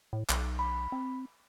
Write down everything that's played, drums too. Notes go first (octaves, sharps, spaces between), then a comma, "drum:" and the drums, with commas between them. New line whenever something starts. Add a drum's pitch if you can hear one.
A2
B1, drum: clap
B5
C4